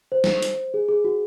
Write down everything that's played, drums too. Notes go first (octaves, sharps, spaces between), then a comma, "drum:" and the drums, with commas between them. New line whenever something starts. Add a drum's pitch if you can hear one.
C5
drum: snare
drum: hi-hat
G#4
G#4
F#4